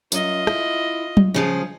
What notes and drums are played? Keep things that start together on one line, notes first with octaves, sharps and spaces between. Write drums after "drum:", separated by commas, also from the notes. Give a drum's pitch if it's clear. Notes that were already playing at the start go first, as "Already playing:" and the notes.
F#2 F4 D#5, drum: tambourine
E4, drum: rim click
drum: tom F#3
C#3 F3 G#4